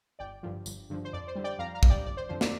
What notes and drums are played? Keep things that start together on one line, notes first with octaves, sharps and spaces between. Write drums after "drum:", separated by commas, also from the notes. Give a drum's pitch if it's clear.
G1 D5 G5
G2 D3 F3
G1, drum: tambourine
G2 D3 F3
C5
F2 D5
C5
D3 G3
D5 G5
F2 F5 A#5
F5 A#5
D3 G3, drum: kick
D5 G5
G1 D5
C5
F2 D3 F3 C5
D5, drum: snare